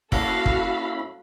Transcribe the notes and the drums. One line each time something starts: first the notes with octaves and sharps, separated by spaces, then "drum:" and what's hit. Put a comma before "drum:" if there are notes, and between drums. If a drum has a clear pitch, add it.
A#3 C#4 E4 F#4 A4 F5 B5, drum: kick
drum: kick